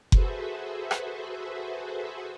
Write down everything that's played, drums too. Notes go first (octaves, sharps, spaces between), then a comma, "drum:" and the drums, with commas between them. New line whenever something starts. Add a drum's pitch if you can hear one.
F#4 G#4 A4 B4 C5 E5, drum: kick F#1
drum: rim click